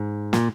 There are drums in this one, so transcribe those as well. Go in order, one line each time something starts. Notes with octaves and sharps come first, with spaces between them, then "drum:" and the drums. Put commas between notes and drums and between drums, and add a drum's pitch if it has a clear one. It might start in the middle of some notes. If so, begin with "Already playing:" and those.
Already playing: G#2
A#2, drum: snare